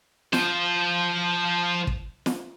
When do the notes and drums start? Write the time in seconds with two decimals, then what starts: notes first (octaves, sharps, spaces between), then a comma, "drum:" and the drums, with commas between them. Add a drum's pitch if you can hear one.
0.33 F3 C5, drum: snare
1.87 drum: kick
2.26 drum: snare